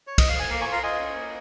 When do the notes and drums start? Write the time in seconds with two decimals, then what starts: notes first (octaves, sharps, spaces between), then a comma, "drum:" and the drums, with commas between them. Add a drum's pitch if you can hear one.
0.07 C#5
0.18 D#5, drum: kick, cymbal
0.29 F5
0.40 G#5
0.50 A#3 F5 A#5
0.61 G#5 C#6
0.67 F4
0.72 F5 A#5
0.83 F4 D#5 G#5
0.99 C#4
1.16 A#3